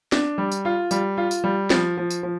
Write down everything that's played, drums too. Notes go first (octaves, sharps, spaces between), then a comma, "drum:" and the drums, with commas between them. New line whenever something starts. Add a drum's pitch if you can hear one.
D4, drum: snare
G3
drum: tambourine
F4
G3, drum: tambourine
F4
drum: tambourine
G3
F3, drum: snare
F3
drum: tambourine
F3